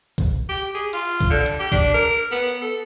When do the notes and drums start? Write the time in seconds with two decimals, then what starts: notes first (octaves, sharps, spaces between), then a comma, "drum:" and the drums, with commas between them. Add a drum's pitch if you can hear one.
0.18 drum: kick, hi-hat
0.49 G4
0.75 G#4
0.93 F4, drum: hi-hat
1.21 drum: kick, hi-hat
1.30 D3
1.46 drum: hi-hat
1.59 G4
1.72 D4, drum: kick, hi-hat
1.94 A#4
2.31 B3
2.49 drum: hi-hat
2.61 A4